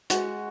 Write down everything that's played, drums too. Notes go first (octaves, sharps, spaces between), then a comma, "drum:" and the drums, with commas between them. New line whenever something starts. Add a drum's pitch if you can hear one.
G#3 F#4, drum: hi-hat